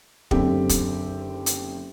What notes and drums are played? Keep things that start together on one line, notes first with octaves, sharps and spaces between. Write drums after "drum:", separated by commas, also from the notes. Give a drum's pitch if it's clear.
F#1 D3 C4 G4, drum: kick
drum: kick, hi-hat
drum: hi-hat